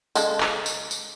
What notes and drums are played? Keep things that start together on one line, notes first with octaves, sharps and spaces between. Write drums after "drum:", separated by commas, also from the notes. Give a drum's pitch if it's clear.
C#3 G#3 A4, drum: tambourine
drum: clap
drum: tambourine
drum: tambourine